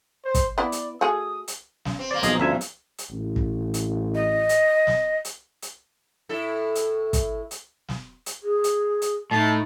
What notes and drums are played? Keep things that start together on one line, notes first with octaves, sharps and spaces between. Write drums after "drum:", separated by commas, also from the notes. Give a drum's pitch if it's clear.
C5
drum: kick, hi-hat
B3 E4 D5
drum: hi-hat
A3 F#4 G#4 D#6
drum: hi-hat
F#2, drum: snare
C4
A#3 C4 D5
B1 F3 B3 G#4 D#5, drum: hi-hat
D2 G2 C#4 E5 G#5
drum: hi-hat
drum: hi-hat
A1
drum: kick
drum: hi-hat
D#5
drum: hi-hat
drum: snare
drum: hi-hat
drum: hi-hat
A2 E4 A4
drum: hi-hat
drum: kick, hi-hat
drum: hi-hat
drum: snare
drum: hi-hat
G#4
drum: hi-hat
drum: hi-hat
A2 D#4 A5